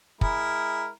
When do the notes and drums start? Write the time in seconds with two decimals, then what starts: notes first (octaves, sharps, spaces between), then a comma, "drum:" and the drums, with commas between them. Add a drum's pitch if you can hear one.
0.21 G#3 E4 A#4, drum: kick